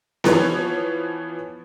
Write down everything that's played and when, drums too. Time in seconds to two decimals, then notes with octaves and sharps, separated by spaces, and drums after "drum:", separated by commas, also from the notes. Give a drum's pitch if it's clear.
0.24 E3 F3 B3 C#5, drum: snare B3